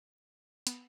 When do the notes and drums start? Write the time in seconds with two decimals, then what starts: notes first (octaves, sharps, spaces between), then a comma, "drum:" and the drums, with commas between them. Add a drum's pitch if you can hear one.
0.67 B3, drum: hi-hat